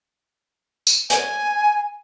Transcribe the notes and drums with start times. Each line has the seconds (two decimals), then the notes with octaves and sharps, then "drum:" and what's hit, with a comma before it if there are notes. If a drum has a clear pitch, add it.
0.87 drum: tambourine
1.10 G#5, drum: hi-hat